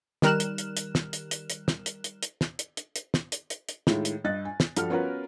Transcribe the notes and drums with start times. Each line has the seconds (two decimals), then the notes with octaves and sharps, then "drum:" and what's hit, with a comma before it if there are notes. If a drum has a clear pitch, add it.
0.22 D#3 G3 A#4 F6 F#6 E7, drum: snare
0.40 drum: hi-hat
0.58 drum: hi-hat
0.77 drum: hi-hat
0.95 drum: snare
1.13 drum: hi-hat
1.31 drum: hi-hat
1.50 drum: hi-hat
1.68 drum: snare
1.86 drum: hi-hat
2.04 drum: hi-hat
2.23 drum: hi-hat
2.41 drum: snare
2.59 drum: hi-hat
2.77 drum: hi-hat
2.96 drum: hi-hat
3.14 drum: snare
3.32 drum: hi-hat
3.50 drum: hi-hat
3.69 drum: hi-hat
3.87 A2 D#3 G#3 F4, drum: snare
4.05 drum: hi-hat
4.24 G2 D#5 F#6 A6
4.45 G#5
4.60 drum: snare
4.77 G2 F3 G3 F#4 A4 F6, drum: hi-hat
4.90 B3 C#4 F4 F#4 A#4 B4